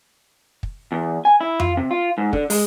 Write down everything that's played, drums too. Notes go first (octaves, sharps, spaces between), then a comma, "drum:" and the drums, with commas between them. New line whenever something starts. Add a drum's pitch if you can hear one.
drum: kick
E2
G#5
E4
F4, drum: tom F2
C3
F4
G#2
D3, drum: kick
G#3, drum: open hi-hat